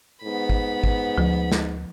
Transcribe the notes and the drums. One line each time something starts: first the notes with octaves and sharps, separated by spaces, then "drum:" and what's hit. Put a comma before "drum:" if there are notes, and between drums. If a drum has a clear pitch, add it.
G#2 B3 B5
drum: kick G#1
drum: kick G#1
D2 F3
drum: snare